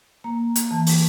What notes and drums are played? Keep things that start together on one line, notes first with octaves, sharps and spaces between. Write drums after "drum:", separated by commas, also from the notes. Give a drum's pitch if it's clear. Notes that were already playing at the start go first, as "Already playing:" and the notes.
A#3 A#5
drum: hi-hat
E3 A5
drum: open hi-hat